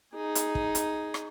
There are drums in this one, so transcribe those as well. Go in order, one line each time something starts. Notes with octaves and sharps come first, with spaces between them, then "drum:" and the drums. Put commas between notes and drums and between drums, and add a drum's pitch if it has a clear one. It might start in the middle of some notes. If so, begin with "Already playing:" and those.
D#4 G#4
drum: hi-hat
drum: kick
drum: hi-hat
drum: rim click